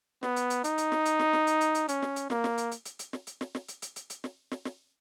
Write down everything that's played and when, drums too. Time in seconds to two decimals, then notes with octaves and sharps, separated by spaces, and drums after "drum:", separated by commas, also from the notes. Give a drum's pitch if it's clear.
0.23 B3, drum: snare
0.36 drum: hi-hat
0.50 drum: hi-hat
0.64 D#4, drum: hi-hat
0.78 drum: hi-hat
0.92 drum: snare
1.06 drum: hi-hat
1.19 drum: snare
1.33 drum: snare
1.47 drum: hi-hat
1.61 drum: hi-hat
1.75 drum: hi-hat
1.89 C#4, drum: hi-hat
2.02 drum: snare
2.16 drum: hi-hat
2.30 A#3, drum: snare
2.44 drum: snare
2.58 drum: hi-hat
2.72 drum: hi-hat
2.85 drum: hi-hat
2.99 drum: hi-hat
3.13 drum: snare
3.27 drum: hi-hat
3.41 drum: snare
3.55 drum: snare
3.68 drum: hi-hat
3.82 drum: hi-hat
3.96 drum: hi-hat
4.10 drum: hi-hat
4.24 drum: snare
4.51 drum: snare
4.65 drum: snare